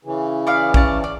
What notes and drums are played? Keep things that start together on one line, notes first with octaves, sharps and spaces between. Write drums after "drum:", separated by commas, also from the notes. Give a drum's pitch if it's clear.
C#3 E3
B3 D5 F5
C#4 D5 A5, drum: kick
D5